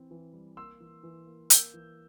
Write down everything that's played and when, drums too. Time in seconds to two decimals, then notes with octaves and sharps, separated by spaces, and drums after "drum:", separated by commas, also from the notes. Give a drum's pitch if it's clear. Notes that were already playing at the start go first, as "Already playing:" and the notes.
Already playing: E3 C4
0.11 E3
0.33 G3
0.57 A#3 C6 E6
0.80 E3
1.03 E3
1.27 A#3
1.50 A#3 E6 G6, drum: hi-hat
1.74 E3